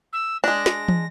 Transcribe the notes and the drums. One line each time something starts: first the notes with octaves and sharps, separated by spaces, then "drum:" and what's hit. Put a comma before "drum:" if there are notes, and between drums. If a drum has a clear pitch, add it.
E6
G#3 D4 A#6
drum: snare
drum: tom